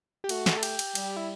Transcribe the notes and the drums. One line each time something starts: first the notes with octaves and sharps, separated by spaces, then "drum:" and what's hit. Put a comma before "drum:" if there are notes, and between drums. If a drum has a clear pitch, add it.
G4
A3 F#4, drum: cymbal
drum: snare
A4
G4, drum: cymbal
drum: cymbal
G3, drum: cymbal
E4